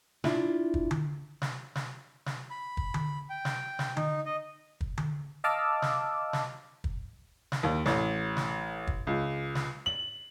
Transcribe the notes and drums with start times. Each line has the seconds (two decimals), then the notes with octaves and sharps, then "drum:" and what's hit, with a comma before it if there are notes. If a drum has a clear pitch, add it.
0.24 D4 E4 F4, drum: snare
0.74 drum: kick
0.91 drum: tom D3
1.42 drum: snare
1.75 drum: snare
2.26 drum: snare
2.50 B5
2.77 drum: kick
2.94 drum: tom D3
3.30 G5
3.45 drum: snare
3.79 drum: snare
3.97 D#4, drum: tom D3
4.26 D#5
4.81 drum: kick
4.98 drum: tom D3
5.44 D#5 F5 A5 D6 E6 F6
5.82 drum: snare
6.33 drum: snare
6.84 drum: kick
7.52 drum: snare
7.63 D#2
7.86 A1, drum: snare
8.37 drum: snare
8.87 drum: kick
9.07 C#2
9.55 drum: snare
9.86 F#7